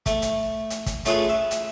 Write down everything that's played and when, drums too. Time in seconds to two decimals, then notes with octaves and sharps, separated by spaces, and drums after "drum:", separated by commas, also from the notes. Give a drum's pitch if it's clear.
0.06 A3, drum: kick, hi-hat
0.22 drum: hi-hat
0.70 drum: hi-hat
0.86 drum: kick, hi-hat
1.05 A3 C#4 F4 G#4 A4 B4, drum: hi-hat
1.29 E5
1.51 drum: hi-hat